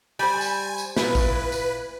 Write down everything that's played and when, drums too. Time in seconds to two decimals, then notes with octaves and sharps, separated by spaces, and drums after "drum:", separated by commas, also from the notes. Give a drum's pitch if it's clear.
0.19 G3 C5 G#5
0.41 drum: tambourine
0.78 drum: tambourine
0.96 A#2 E4 B4, drum: snare
1.15 drum: kick A1, tambourine
1.52 drum: tambourine